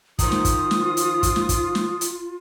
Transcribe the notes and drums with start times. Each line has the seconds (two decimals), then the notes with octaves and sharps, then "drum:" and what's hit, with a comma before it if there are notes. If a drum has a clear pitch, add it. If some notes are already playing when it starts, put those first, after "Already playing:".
0.19 D#3 F3 F4 D#6, drum: kick, hi-hat
0.32 drum: snare
0.45 drum: kick, hi-hat
0.71 drum: snare
0.97 drum: hi-hat
1.23 drum: kick, hi-hat
1.36 drum: snare
1.49 drum: kick, hi-hat
1.75 drum: snare
2.01 drum: hi-hat